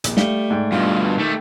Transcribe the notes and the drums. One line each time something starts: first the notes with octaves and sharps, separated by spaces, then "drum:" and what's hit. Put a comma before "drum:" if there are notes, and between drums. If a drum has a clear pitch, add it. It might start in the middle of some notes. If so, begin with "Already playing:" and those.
A#1 D#2, drum: hi-hat
G3 A3 F5, drum: snare
G#2 D5 G5
G2 B2 F4
D#3 A3 G4